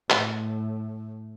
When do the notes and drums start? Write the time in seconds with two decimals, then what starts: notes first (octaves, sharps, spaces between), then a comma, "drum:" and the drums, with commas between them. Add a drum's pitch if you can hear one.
0.10 A2, drum: clap